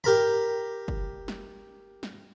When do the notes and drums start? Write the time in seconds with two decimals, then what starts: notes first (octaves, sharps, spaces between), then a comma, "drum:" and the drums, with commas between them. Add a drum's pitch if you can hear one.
0.04 G4 A#4 A#5 B5, drum: tom
0.88 drum: kick
1.28 drum: snare
2.03 drum: snare